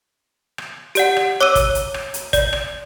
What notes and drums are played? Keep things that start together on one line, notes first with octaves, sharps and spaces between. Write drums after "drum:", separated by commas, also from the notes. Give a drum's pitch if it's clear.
drum: rim click
G4 D5 F#5, drum: hi-hat
drum: rim click
C#5 D6 E6 D#7
drum: kick, hi-hat
drum: hi-hat
drum: rim click
drum: hi-hat
D5, drum: kick, hi-hat
drum: rim click